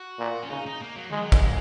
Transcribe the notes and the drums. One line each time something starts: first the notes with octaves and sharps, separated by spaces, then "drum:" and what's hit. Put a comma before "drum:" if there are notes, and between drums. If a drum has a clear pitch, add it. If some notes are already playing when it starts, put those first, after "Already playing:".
Already playing: F#4
A#2
C#4
C#3 D#4
D#4
A#3
F#3
D#3 G#3
F#3
G#3, drum: kick